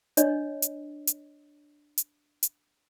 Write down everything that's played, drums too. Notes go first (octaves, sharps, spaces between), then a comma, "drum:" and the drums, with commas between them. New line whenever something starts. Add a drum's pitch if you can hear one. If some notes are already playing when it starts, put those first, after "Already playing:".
D4 C#5 D#5, drum: hi-hat
drum: hi-hat
drum: hi-hat
drum: hi-hat
drum: hi-hat